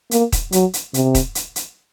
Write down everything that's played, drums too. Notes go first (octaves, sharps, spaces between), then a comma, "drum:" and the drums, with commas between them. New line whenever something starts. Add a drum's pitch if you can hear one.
A#3, drum: hi-hat
drum: kick D#1, hi-hat
F#3, drum: hi-hat
drum: hi-hat
C3, drum: hi-hat
drum: kick D#1, hi-hat
drum: hi-hat
drum: hi-hat